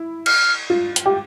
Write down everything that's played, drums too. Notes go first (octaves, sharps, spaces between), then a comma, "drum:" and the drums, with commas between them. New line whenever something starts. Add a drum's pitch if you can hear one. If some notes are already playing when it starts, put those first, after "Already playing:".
Already playing: E4
F6, drum: cymbal
F4
drum: hi-hat
G4